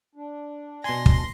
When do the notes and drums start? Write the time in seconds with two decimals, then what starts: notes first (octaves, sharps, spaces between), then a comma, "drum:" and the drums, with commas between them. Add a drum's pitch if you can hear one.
0.15 D4
0.84 B2 G#5 C6 A#6
1.06 drum: kick